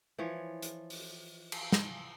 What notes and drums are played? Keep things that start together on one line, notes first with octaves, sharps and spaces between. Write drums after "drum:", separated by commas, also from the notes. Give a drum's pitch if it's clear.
E3 F3 C#5
drum: hi-hat
drum: open hi-hat
drum: cymbal
drum: snare